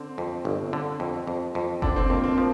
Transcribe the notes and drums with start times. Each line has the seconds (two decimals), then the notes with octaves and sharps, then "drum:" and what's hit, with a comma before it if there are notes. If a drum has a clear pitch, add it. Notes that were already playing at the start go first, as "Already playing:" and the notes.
Already playing: D3 C4
0.18 F2
0.45 G1
0.73 D3
1.00 F2
1.27 F2
1.55 F2
1.82 D3 D4, drum: kick F#1
1.96 C4
2.10 F2 A#3
2.24 C4
2.38 F3